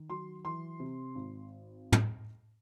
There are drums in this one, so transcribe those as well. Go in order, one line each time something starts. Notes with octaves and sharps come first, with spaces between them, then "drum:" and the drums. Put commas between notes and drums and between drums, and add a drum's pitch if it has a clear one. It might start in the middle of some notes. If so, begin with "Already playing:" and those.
Already playing: D#3
F#3 C6
E3 C6
C3
G#1
drum: tom